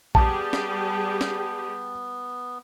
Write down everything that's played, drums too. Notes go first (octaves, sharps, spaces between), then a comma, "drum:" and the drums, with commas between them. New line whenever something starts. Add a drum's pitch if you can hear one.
G3 B3 G4 G#4 A5, drum: kick A#1
drum: snare
drum: snare